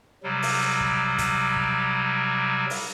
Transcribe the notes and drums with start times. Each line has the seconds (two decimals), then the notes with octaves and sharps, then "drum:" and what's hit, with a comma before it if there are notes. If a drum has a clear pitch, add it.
0.23 C3 F#3 G3
0.42 drum: open hi-hat
0.80 drum: kick
1.18 drum: kick, hi-hat
1.56 drum: kick
2.70 drum: open hi-hat